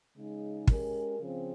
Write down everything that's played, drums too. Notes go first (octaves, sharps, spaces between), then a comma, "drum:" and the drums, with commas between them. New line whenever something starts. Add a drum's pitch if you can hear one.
C#3 G#3 D#4
G#3 C#4 G4 A#4, drum: kick
C#3 F3 C4